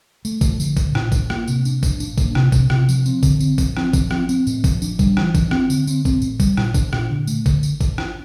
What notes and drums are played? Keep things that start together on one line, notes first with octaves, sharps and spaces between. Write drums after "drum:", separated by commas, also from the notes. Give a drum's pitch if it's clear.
A3, drum: tambourine
F3, drum: kick, tambourine
D3, drum: tambourine
A2, drum: kick, tambourine
A2, drum: rim click
A2, drum: kick, tambourine
A#3, drum: rim click
C3, drum: tambourine
D4, drum: tambourine
A2, drum: kick, tambourine
D4, drum: tambourine
A#3, drum: kick, tambourine
C3, drum: rim click
C3, drum: kick, tambourine
C3, drum: rim click
F3, drum: tambourine
C4, drum: tambourine
D3, drum: kick, tambourine
C4, drum: tambourine
F3, drum: kick, tambourine
C4, drum: rim click
F3, drum: kick, tambourine
C4, drum: rim click
C4, drum: tambourine
A2, drum: tambourine
F3, drum: kick, tambourine
D4, drum: tambourine
G3, drum: kick, tambourine
E3, drum: rim click
D4, drum: kick, tambourine
C4, drum: rim click
D3, drum: tambourine
C4, drum: tambourine
C4, drum: kick, tambourine
A2, drum: tambourine
G3, drum: kick, tambourine
A#2, drum: rim click
D4, drum: kick, tambourine
A#2, drum: rim click
D3
A3, drum: tambourine
D3, drum: kick, tambourine
drum: tambourine
drum: kick, tambourine
drum: rim click